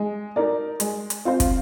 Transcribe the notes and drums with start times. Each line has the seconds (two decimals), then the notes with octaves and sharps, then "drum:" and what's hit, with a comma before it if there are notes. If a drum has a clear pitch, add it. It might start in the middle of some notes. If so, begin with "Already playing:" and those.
Already playing: G#3
0.36 D#4 A#4 D5
0.80 G#3, drum: hi-hat
1.10 drum: hi-hat
1.25 C4 F4 C5
1.40 drum: kick, hi-hat